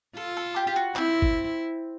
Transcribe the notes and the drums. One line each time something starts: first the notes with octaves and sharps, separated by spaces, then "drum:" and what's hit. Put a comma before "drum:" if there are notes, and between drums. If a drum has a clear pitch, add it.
F4 A4
A4
G4
G4
F#4
C4 E4, drum: clap
drum: kick